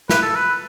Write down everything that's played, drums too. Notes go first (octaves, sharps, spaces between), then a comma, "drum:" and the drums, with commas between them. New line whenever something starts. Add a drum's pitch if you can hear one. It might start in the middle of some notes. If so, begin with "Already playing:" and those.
B4, drum: snare
A4
B4